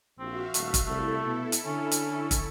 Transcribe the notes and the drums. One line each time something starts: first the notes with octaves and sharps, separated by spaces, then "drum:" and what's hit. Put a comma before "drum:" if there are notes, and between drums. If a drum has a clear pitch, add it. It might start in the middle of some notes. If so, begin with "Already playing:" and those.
A#1 C4 F#4 E5 F5
D#1 A3, drum: hi-hat
drum: kick, hi-hat
C2 A3 E4 A4
B2
drum: hi-hat
D3 C#4
drum: hi-hat
drum: kick, hi-hat